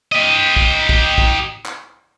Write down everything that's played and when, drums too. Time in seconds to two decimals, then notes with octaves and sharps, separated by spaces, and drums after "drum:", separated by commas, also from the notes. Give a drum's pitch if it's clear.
0.12 G4 D#5
0.56 drum: kick
0.89 drum: kick
1.18 drum: kick
1.66 drum: clap